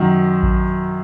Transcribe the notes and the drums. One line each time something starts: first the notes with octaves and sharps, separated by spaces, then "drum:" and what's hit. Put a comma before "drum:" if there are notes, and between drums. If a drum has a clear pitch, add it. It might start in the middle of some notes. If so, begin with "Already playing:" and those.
Already playing: F#2 D#3 F#3
drum: kick A1